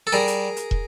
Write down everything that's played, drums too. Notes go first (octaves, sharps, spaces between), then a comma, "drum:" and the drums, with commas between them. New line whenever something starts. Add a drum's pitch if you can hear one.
A4
G3 G#4 A#4
drum: hi-hat
drum: hi-hat
drum: kick